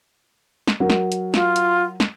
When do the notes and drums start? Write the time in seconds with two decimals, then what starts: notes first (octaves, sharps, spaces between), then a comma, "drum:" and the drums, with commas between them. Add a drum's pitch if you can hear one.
0.67 drum: snare
0.80 F#3 A#4
0.90 drum: snare
1.12 drum: hi-hat
1.34 F4, drum: snare
1.56 drum: hi-hat
2.00 drum: snare